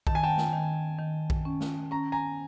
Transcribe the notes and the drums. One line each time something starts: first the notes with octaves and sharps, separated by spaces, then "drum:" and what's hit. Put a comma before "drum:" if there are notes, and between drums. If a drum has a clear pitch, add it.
D#3 A5, drum: kick A#1
G#5
G5 A5
drum: snare
D#3
D#3
drum: kick A#1
C#4
drum: snare
C#4 A#5
G#5 A#5